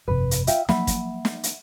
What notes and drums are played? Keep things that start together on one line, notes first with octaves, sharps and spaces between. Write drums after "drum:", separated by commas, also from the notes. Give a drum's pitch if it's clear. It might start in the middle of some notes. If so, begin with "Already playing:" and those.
G1 F2 C3 B4
drum: hi-hat
F4 E5 G5, drum: hi-hat
F3 F#3 A#3 E5 F#5 B5, drum: snare
drum: kick, hi-hat
drum: snare
drum: hi-hat